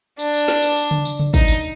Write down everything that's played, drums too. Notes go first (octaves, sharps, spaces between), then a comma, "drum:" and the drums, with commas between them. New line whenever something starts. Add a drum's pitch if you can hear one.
D4, drum: tambourine
drum: tambourine
drum: snare
drum: tambourine
drum: tambourine
drum: tom C#3
drum: tambourine
drum: tom C#3
D#4, drum: kick, tambourine
drum: tambourine